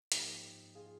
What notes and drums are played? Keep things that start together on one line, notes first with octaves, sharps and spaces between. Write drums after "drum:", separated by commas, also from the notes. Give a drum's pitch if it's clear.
G#2 F3 A#3 D#4 G4, drum: hi-hat
F4 G#4